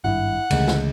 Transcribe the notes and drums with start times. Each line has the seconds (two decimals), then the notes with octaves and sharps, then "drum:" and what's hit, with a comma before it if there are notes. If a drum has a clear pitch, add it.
0.04 G#1 G2 E4 F#5
0.51 C#2 D3 E3 A3, drum: cymbal
0.67 drum: snare